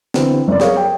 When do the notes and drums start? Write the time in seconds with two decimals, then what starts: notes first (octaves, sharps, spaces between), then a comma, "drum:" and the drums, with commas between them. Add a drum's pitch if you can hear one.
0.14 D3 E3 C4, drum: snare
0.48 F#1 D5
0.60 G#4 A#4 C#5 F5, drum: snare
0.76 G5